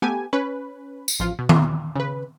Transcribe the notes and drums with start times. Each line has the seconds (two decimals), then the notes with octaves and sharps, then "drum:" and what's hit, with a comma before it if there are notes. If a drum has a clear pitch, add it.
0.02 A3 B3 G4 G#5
0.33 C#4 B4
1.08 drum: tambourine
1.20 A1 F3 F4
1.39 B2
1.49 drum: tom D#3
1.96 C#3 B4